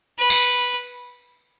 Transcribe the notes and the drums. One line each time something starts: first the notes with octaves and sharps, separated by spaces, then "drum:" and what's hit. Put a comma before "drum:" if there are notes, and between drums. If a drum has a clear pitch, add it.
B4
drum: tambourine